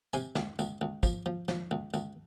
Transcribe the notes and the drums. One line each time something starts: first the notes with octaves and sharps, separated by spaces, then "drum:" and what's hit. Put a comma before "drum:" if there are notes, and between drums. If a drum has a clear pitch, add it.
C3 G#5, drum: tambourine
C#2, drum: snare
C#2, drum: tambourine
C#2
F3, drum: kick, tambourine
F3
F3, drum: snare
C#2
C#2, drum: tambourine